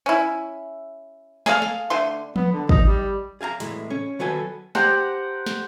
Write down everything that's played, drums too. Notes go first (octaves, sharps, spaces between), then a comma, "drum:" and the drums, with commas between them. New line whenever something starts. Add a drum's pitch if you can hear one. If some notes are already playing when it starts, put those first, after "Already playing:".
C#4 E4
G#4 A4 D5 F5, drum: snare
drum: snare
D3 A3 C6
B3, drum: tom F3
D3
D#4, drum: kick
G3
G#4 F5 G#5 A#5
A2 E3 G#3, drum: hi-hat
C#4
D#3 F#3 B3 A4 G#5
G4 C5 F#5 A#5, drum: snare
drum: snare